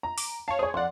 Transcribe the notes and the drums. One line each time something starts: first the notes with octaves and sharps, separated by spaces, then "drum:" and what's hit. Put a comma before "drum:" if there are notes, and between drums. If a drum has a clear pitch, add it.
A#5
D6 D7, drum: open hi-hat
C#5 F5 A5
G#4 C5 C#5
F2 D5 F5 F#5 C6